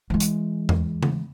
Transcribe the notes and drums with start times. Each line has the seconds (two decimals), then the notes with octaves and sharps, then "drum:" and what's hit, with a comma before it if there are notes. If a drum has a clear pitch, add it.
0.10 E3 G#3
0.20 drum: hi-hat
0.69 drum: tom E2
1.03 drum: tom C#3